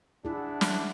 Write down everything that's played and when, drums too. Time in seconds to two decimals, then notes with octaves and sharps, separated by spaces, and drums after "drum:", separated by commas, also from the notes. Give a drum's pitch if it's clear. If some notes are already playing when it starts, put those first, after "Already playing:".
0.25 D4 E4 G#4 E5 F#5
0.61 drum: snare